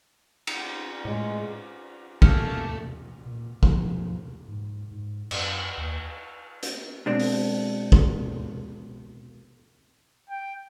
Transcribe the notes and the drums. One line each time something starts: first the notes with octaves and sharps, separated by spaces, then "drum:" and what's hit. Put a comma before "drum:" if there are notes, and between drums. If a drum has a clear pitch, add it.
drum: cymbal
A2 G#3
A3 A#3 C#4 A5 F6, drum: kick
A#2
F3, drum: kick
G#2
G#2
F#2, drum: cymbal
D#2
drum: hi-hat
B2 G#3 C4 D4
drum: open hi-hat
drum: kick
G5